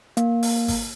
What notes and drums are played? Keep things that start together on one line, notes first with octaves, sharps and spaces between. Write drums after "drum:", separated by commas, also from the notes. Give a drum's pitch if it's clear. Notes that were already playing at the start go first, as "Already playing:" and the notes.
A#3, drum: hi-hat
drum: open hi-hat
drum: kick G#1, open hi-hat